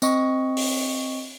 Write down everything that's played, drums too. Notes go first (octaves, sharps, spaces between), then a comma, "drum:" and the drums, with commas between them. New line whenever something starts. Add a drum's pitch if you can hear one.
C4 D#5 C#6, drum: tambourine
drum: open hi-hat